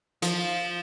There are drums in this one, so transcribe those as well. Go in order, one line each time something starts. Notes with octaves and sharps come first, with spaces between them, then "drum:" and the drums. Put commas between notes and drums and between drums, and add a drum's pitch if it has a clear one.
F3, drum: hi-hat